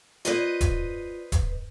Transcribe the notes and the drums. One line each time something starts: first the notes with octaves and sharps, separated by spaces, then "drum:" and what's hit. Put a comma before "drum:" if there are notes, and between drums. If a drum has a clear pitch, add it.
F4 B4 C5 D5 D#5, drum: hi-hat
drum: kick D1, hi-hat
drum: kick D1, hi-hat